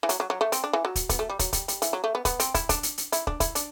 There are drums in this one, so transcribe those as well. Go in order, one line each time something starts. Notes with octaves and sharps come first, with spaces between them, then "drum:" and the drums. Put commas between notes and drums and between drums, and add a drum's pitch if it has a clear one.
E3
F#3, drum: hi-hat
F#3
F#3
A3
C4, drum: hi-hat
D4
E3
F#3
drum: kick, hi-hat
B3, drum: kick, hi-hat
A3
G3
F#3, drum: kick, hi-hat
G3, drum: kick, hi-hat
G3, drum: hi-hat
E3, drum: hi-hat
F#3
A3
B3
B3, drum: kick, hi-hat
C4, drum: hi-hat
E4, drum: kick, hi-hat
D4, drum: kick, hi-hat
drum: hi-hat
drum: hi-hat
E4, drum: hi-hat
D4, drum: kick
E4, drum: kick, hi-hat
D4, drum: hi-hat